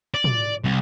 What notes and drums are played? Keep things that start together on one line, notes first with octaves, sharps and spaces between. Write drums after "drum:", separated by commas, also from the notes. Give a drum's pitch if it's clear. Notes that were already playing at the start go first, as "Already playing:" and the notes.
D5
drum: tom
C2